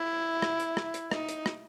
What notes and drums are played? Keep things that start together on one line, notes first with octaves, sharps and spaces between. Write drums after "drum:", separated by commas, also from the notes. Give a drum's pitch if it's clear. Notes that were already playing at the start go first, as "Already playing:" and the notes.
Already playing: E4
drum: rim click
drum: hi-hat
drum: rim click
drum: hi-hat
D#4, drum: rim click
drum: hi-hat
drum: rim click